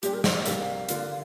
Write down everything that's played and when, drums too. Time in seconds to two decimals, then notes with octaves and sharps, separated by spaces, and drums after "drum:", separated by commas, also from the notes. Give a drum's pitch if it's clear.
0.03 A#2 G3 D4 G4, drum: hi-hat
0.14 A#4
0.24 C5, drum: snare
0.35 D5
0.46 C2 C3 A#3 D4 G4 F5, drum: hi-hat
0.89 D3 A#3 F4, drum: hi-hat